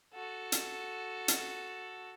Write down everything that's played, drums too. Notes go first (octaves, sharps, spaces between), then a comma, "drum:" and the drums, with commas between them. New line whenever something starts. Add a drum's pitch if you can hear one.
F#4 A4
drum: hi-hat
drum: hi-hat